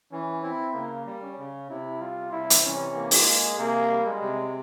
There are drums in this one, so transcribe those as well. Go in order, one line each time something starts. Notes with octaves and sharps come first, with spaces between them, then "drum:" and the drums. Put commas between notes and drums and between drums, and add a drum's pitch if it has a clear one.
E3 C#4
C4 E4
C#3 A#3
G3
C#4
C#3
C3 E4
G3 F4
C3 E4
drum: hi-hat
E3 C#4
A#3
G#3, drum: open hi-hat
G#4
C3 A#3
G3
G#3
C3